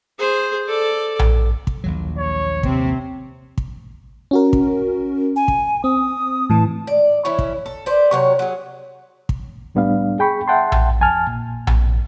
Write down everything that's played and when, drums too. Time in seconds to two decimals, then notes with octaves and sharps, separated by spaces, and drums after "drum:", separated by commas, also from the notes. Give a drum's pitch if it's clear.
0.19 G#4 C5
0.67 A4 D5
1.19 drum: tom A#1
1.67 drum: kick
1.84 A#1 D#2 F#3
2.18 C#5
2.63 C3 C4, drum: kick
3.58 drum: kick
4.31 C#4 F#4 A#4
4.53 drum: kick
5.36 G#5
5.48 drum: kick
5.84 C4 D#6
6.50 A2 E3 A5
6.87 D5
7.25 E3 C#4 E4
7.39 drum: kick
7.66 A4
7.86 B4 C5 D5
8.11 C3 F#3 C#5
8.39 F#3 G#4
9.29 drum: kick
9.74 C2 A2 G3 B3 D4 F5
10.19 G#4 G5 B5 C#6
10.48 E5 F#5 G5 A5 C6
10.72 drum: tom A#1
11.01 F2 G#5 A5 F6
11.27 A#2
11.67 drum: tom A#1